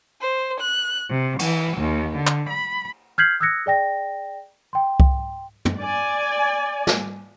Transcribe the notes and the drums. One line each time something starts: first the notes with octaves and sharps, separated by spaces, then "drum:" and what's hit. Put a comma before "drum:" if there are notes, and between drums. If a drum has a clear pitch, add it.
C5
F#6
C3
E3, drum: cymbal
D#2
D3
drum: clap
B5
F6 G6 G#6 B6 C7 F#7
D#6 E6 F#6 G#6 A#6 C#7
G#4 D5 G5 A#6
G5 C6
drum: kick C2
drum: tom
D5 G#5
drum: snare